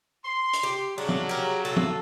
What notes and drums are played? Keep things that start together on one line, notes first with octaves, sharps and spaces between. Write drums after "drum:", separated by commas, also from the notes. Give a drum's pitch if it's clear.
C6
drum: hi-hat
G4
C#3 F#3 D4
drum: tom
G4 A#4
F4 F#4 A4
drum: tom